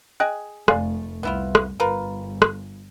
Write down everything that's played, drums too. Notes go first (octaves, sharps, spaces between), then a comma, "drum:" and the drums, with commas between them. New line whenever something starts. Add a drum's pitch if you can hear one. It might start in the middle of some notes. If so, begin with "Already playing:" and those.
G#4 D#5 G5 F#6
F1 A3 D5 F5 G#5, drum: rim click
C2 B3 E4 F4
drum: rim click
G1 F4 A#4 B4
drum: rim click